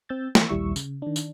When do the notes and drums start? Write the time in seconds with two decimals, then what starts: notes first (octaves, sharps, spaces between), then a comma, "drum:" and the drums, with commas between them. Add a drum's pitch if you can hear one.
0.09 C4 E6 G6 A6
0.35 E3, drum: snare
0.49 A#1 D#2 G3 E4 C#6 E6
0.76 C#3, drum: tambourine
1.02 D#3 D4
1.16 drum: tambourine